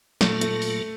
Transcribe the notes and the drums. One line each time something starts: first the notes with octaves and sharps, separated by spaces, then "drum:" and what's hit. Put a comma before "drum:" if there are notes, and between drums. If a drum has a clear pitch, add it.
A#2 F#3 A3 A#3 F4 A4, drum: snare
A3, drum: hi-hat
drum: open hi-hat